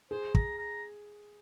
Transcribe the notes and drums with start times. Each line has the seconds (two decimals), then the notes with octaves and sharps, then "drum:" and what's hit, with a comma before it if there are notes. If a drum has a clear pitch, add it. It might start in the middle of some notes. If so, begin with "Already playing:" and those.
0.11 G#4 C5
0.35 A#5, drum: kick
0.58 A#5